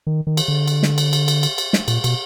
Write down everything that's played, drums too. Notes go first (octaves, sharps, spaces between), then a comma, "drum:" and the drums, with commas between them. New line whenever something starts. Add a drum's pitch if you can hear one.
D#3
D#3
drum: cymbal
D3
drum: cymbal
drum: snare
drum: cymbal
drum: cymbal
drum: cymbal
drum: cymbal
drum: cymbal
drum: snare
A#2, drum: cymbal
B2, drum: cymbal